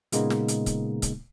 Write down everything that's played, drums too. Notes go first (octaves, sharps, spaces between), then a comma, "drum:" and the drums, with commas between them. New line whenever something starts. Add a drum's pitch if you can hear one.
A#2 C#3 G#3 A#3 B3 D#4, drum: hi-hat
drum: snare
drum: hi-hat
drum: kick C#1, hi-hat
drum: kick C#1, hi-hat